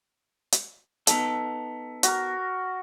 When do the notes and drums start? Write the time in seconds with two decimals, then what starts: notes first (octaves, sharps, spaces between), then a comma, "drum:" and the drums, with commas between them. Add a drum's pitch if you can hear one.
0.52 drum: hi-hat
1.07 B3 D#4 A4, drum: hi-hat
2.03 F#4 A#4, drum: hi-hat